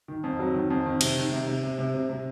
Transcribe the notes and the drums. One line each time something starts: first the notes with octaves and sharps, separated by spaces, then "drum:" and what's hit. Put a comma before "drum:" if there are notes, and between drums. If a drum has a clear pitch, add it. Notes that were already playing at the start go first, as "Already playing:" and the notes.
D#3
F2
F#3
D#3
F2
D#3
C3, drum: cymbal
D#3
C3
C3
C3
C3
C3
C3